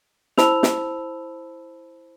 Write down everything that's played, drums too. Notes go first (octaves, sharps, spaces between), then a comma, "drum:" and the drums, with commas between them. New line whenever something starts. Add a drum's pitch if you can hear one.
E4 C5 A5 B5 E6 F7, drum: snare
drum: snare